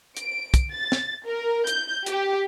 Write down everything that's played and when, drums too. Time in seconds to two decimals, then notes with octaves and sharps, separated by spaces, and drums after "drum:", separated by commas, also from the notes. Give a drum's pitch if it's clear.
0.17 D7, drum: hi-hat
0.54 drum: kick, hi-hat
0.71 A6
0.92 drum: snare
1.26 A#4
1.67 G6, drum: hi-hat
2.06 G4, drum: hi-hat